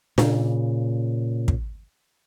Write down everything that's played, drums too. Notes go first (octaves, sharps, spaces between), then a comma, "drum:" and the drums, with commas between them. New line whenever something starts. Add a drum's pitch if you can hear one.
A#2 C#3, drum: snare D4
drum: kick